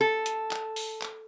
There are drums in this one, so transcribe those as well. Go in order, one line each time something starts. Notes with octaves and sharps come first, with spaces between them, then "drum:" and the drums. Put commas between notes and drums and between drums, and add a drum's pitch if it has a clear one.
A4
drum: hi-hat
drum: clap
drum: open hi-hat
drum: clap